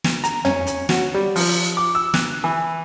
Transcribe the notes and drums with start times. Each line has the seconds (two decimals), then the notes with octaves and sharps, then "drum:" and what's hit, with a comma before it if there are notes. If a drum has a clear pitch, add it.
0.04 drum: snare
0.24 A#5, drum: hi-hat
0.45 C#4, drum: tom
0.67 drum: hi-hat
0.89 F#4, drum: snare
1.14 G3
1.36 F3, drum: open hi-hat
1.77 D6
1.95 E6
2.14 F#6, drum: snare
2.44 E3